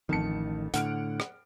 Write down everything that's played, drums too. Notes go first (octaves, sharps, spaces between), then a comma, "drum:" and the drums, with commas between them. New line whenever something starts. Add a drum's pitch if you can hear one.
A1 F2 D#3 A5 C#7
A2 D3 F#5 F6 D7, drum: hi-hat
drum: rim click